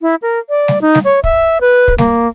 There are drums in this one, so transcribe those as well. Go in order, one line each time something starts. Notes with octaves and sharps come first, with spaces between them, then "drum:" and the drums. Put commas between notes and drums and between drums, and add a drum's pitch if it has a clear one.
E4
A#4
D5
drum: snare G3
D#4
drum: snare G3
C#5
E5, drum: kick
B4
drum: kick
A#3, drum: snare G3